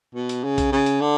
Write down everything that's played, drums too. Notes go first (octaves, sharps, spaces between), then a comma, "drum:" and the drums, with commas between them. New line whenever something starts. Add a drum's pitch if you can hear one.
B2
drum: hi-hat
C#3
drum: kick A#1, hi-hat
C#3
drum: hi-hat
D3